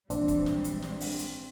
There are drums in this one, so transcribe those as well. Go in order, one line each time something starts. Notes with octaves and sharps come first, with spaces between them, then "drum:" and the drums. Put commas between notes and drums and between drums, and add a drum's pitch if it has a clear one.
A#1 G#2 E3 G3 C4 D4, drum: hi-hat
drum: kick, hi-hat
drum: snare
drum: hi-hat
drum: snare
drum: open hi-hat
drum: hi-hat